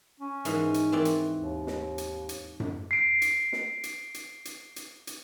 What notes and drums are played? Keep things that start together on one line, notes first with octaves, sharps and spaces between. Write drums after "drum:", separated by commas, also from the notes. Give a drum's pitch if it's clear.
C#4
G#2 E3, drum: hi-hat
drum: hi-hat
E3 C4 D5
drum: hi-hat
D#2
drum: snare
drum: hi-hat
drum: hi-hat
drum: tom F#2
C7 D7
drum: hi-hat
drum: snare
drum: hi-hat
drum: hi-hat
drum: hi-hat
drum: hi-hat
drum: hi-hat